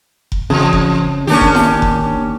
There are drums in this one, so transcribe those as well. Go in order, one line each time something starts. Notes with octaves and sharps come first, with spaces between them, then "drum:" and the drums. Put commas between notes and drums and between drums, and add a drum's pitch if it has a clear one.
drum: kick F1
E2 C#3
drum: kick F1
D#3 A#3 C#4 D4 G4
drum: kick F1
drum: snare E4
drum: kick F1